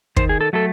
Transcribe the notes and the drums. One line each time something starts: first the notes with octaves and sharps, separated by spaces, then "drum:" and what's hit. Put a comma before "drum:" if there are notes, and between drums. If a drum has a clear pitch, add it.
D#3 C5, drum: kick
G#4
A4
F#3 A3 A4